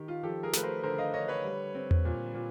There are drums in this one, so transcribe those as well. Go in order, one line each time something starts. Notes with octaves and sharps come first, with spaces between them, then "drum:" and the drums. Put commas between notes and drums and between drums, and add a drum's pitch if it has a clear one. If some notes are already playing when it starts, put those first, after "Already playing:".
Already playing: D#3 G4
F4
F3 G4 A4
G#4 A#4
A3 B4, drum: snare
A#4 C5
D3 A#4 C5
D#5 F5
D3 C#5 D#5
B4 C#5
G3
C4
drum: tom E2
A#2
A#2